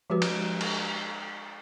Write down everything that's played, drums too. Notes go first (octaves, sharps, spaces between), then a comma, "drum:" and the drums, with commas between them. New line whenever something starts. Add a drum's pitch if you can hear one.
F3 G#3 F#4 G4 B4
drum: cymbal
drum: cymbal